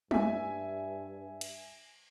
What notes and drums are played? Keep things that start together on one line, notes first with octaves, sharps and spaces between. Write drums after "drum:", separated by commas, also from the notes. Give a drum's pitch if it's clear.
G2 E5 G#5, drum: tom G3
drum: cymbal